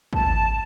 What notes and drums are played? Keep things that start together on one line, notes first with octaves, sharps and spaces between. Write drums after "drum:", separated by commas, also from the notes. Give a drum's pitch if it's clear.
A5, drum: kick